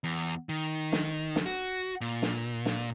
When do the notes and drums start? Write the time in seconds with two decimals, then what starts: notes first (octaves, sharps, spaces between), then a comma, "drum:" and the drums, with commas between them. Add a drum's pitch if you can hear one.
0.04 E2
0.49 D#3
0.92 drum: snare
1.36 drum: snare
1.46 F#4
2.01 A#2
2.22 drum: snare
2.66 drum: snare